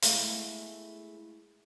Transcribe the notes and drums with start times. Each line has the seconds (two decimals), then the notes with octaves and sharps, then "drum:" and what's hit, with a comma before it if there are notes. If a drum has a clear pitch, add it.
0.02 G#3 A3 B3 E4 G#4 F5, drum: hi-hat